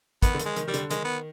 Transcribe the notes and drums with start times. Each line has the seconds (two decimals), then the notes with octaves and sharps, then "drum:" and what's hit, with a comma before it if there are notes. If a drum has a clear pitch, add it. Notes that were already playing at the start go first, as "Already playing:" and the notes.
0.23 D#3 B3, drum: kick, hi-hat
0.34 D3
0.39 D#3, drum: hi-hat
0.45 G#3
0.56 D#3, drum: hi-hat
0.68 D#3 G3
0.74 D3, drum: hi-hat
0.91 D#3 G#3, drum: hi-hat
1.04 B3